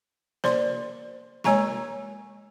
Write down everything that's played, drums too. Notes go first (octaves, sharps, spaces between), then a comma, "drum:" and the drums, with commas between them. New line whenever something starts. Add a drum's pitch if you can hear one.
C5 D5 C6, drum: snare A#3
G#3 C#5 G#5 A#5 C#6, drum: snare A#3